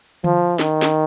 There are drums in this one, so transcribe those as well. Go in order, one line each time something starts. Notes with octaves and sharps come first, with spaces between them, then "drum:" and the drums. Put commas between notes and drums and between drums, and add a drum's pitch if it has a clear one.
F3, drum: tom D3
D#3, drum: snare
drum: snare